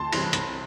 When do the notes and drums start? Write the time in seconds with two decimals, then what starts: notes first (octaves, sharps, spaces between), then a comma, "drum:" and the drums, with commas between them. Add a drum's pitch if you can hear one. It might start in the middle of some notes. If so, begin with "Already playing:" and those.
Already playing: D2 A5 C6
0.13 C3 E3 G3, drum: cymbal
0.33 C2, drum: hi-hat